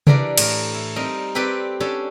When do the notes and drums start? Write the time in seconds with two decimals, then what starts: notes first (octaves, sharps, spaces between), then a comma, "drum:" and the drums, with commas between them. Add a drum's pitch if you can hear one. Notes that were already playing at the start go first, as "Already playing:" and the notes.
0.07 E3 D4 G4 A#4 D5, drum: tom C3
0.38 A2 A#4, drum: cymbal
0.75 E4
0.96 G3 C4 D#4 A#4
1.35 C4 G4 A4 B4 C5 D5
1.80 C#4 D4 G4 A4 C#5 A5